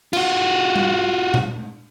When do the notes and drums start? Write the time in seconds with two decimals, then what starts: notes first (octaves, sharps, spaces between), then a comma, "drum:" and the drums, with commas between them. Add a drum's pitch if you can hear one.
0.13 F4 F#4, drum: cymbal
0.76 drum: tom G3
1.34 drum: tom A#2